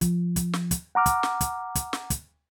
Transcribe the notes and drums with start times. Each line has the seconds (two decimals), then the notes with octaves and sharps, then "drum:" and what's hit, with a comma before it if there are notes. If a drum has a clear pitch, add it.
0.01 F3, drum: kick, hi-hat
0.36 drum: kick, hi-hat
0.53 drum: snare
0.71 drum: kick, hi-hat
0.95 F#5 A#5 D6 F6
1.06 drum: kick, hi-hat
1.23 drum: snare
1.41 drum: kick, hi-hat
1.75 drum: kick, hi-hat
1.93 drum: snare
2.10 drum: kick, hi-hat